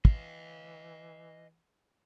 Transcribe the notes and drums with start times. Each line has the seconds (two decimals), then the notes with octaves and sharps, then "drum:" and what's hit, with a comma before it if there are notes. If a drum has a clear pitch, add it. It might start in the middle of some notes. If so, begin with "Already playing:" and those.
0.05 E3 D#5 F5, drum: kick